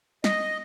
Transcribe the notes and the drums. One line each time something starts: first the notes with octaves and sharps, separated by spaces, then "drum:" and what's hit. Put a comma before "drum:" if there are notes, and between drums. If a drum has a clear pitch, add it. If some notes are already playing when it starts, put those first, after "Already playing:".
D#5, drum: snare